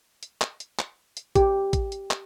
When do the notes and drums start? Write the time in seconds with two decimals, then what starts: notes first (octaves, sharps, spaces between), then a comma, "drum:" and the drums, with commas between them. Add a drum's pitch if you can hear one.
0.23 drum: hi-hat
0.41 drum: clap
0.60 drum: hi-hat
0.79 drum: clap
1.17 drum: hi-hat
1.36 G4, drum: kick, hi-hat
1.73 drum: kick, hi-hat
1.92 drum: hi-hat
2.11 drum: clap